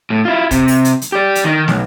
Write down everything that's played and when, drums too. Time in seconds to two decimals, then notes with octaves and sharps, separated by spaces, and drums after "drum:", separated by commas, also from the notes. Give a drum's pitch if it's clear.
0.10 A2
0.25 E4 F4
0.51 C3, drum: kick, hi-hat
0.68 drum: open hi-hat
0.85 drum: hi-hat
1.02 drum: hi-hat
1.12 G4 D5
1.35 drum: hi-hat
1.44 D#3 D#4
1.68 B1, drum: snare